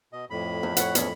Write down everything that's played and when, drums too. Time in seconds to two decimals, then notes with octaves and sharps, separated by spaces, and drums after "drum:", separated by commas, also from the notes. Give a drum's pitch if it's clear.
0.13 B2 D#5
0.30 F2 A2 B5
0.63 E2
0.77 C#5 F#5, drum: hi-hat
0.95 E2 C#4, drum: hi-hat